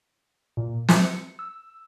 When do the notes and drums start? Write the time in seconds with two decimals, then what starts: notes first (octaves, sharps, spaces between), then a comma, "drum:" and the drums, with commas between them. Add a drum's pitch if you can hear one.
0.57 A#2
0.89 C#7, drum: snare
1.39 E6